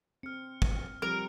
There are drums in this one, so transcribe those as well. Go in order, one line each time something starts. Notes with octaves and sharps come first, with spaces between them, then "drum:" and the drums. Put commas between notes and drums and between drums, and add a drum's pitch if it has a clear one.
C4 F6 C#7
drum: kick
F3 G3 C4 A#4 F6 D7